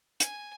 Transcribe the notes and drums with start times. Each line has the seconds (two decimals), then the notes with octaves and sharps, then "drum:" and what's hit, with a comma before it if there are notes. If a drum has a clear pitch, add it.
0.20 G#5, drum: hi-hat